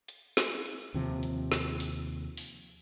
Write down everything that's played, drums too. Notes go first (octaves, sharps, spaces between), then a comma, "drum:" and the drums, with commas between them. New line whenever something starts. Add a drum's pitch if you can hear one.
drum: hi-hat
drum: snare
drum: hi-hat
D#2 C3 F3
drum: hi-hat
drum: snare
drum: open hi-hat
drum: open hi-hat